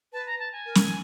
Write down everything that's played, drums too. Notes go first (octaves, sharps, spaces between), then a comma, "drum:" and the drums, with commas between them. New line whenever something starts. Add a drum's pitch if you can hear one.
B4 A5
A#5
A5
G#5
A#4
drum: snare